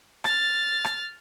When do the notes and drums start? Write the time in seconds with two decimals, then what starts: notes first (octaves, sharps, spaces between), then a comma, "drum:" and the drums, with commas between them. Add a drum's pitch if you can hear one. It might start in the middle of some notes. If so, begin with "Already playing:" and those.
0.24 F6 A6, drum: rim click
0.84 drum: rim click